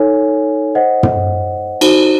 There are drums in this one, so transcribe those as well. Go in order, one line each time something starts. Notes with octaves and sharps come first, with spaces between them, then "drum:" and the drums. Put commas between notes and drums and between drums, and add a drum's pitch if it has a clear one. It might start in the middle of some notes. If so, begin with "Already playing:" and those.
Already playing: D#4 A4 C#5 G#5
C5 D#5 F#5
drum: tom
D#4 F#4 C5, drum: cymbal